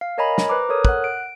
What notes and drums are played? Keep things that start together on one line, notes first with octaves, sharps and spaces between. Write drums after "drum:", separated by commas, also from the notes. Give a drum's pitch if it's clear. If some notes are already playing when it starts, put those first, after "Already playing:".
F5
A#4 C#5 D#5 G#5 A#5 B5
drum: snare
B4 C5 A#5 D6
A4 A#4 C#5 D#6
F#5 F#6, drum: kick
D7